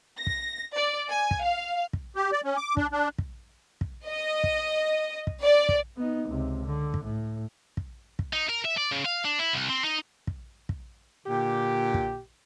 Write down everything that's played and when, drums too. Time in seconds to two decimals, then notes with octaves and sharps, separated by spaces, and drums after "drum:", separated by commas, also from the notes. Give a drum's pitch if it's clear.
0.17 A#6
0.27 drum: kick
0.75 D5
1.10 G#5
1.31 drum: kick
1.42 F5
1.93 drum: kick
2.16 G4
2.32 D5
2.44 C#4
2.57 D6
2.77 D4, drum: kick
2.92 D4
3.18 drum: kick
3.81 drum: kick
4.09 D#5
4.44 drum: kick
5.27 drum: kick
5.41 D5
5.69 drum: kick
5.97 B3 D#4
6.28 C#2 C3
6.66 D3
6.94 drum: kick
7.04 A2
7.77 drum: kick
8.19 drum: kick
8.33 D#4
8.49 A#4
8.65 E5
8.77 D5
8.91 C#3
9.05 F5
9.25 D4
9.39 E4
9.53 C2
9.69 C4
9.84 D#4
10.27 drum: kick
10.69 drum: kick
11.27 A#2 D3 G4
11.94 drum: kick